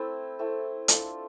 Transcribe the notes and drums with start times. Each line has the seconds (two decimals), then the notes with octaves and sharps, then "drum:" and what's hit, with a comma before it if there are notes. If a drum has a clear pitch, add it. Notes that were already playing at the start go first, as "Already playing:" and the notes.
Already playing: A3 C4 E4
0.39 A3 C4 E4
0.88 A3 D4 F4 A4, drum: hi-hat